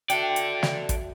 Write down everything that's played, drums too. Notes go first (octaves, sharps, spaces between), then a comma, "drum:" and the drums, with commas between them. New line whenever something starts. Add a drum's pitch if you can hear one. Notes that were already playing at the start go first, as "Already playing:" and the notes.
F#4 A4 D5 E5 G5, drum: hi-hat
drum: hi-hat
drum: snare
drum: kick, hi-hat